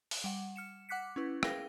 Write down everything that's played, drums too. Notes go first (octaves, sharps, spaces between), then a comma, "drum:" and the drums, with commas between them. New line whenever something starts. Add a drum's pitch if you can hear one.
drum: open hi-hat
G3 F#5
F6 C#7 E7
F#5 D6 F#6 B6 C#7
C#4 E4 B4
G#4 A#4 F5 G5 A#6 G7, drum: rim click